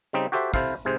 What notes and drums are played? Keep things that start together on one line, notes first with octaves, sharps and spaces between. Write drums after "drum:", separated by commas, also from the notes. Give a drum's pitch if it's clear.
C#3 G3 C4 D#4
F#4 G4 A4 C5 E5
C3 E4 A4 C5 F5, drum: kick, hi-hat
G#2 C3 G#4 C5